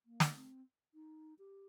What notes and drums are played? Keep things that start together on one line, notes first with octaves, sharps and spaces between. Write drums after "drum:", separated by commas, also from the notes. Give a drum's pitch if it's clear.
A#3
drum: snare
C4
D#4
G4